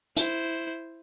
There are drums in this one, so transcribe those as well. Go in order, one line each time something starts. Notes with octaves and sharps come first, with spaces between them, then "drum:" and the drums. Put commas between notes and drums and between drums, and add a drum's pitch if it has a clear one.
E4 C5, drum: hi-hat